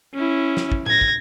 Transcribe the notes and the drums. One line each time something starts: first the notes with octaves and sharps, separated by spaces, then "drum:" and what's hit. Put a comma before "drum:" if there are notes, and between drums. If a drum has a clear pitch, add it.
C#4 E4
drum: snare
drum: kick
G#6 A#6, drum: tom A2
drum: kick